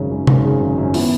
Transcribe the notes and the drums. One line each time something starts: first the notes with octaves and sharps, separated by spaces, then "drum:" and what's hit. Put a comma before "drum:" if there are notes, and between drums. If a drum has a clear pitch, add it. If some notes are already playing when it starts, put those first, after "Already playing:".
Already playing: G#1 F#2 C#3 C#4
F#2
G#1, drum: tom C3
C#3
F#2
F#2 C#4
B3 E4, drum: open hi-hat